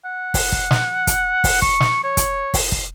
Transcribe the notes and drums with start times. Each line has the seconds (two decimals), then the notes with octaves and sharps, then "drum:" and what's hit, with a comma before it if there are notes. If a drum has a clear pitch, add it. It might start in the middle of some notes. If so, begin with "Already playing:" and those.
0.05 F#5
0.34 drum: kick, open hi-hat
0.52 drum: kick
0.71 drum: snare
1.07 drum: kick, hi-hat
1.44 drum: kick, open hi-hat
1.62 C#6, drum: kick
1.80 drum: snare
2.04 C#5
2.17 drum: kick, hi-hat
2.54 drum: kick, open hi-hat
2.72 drum: kick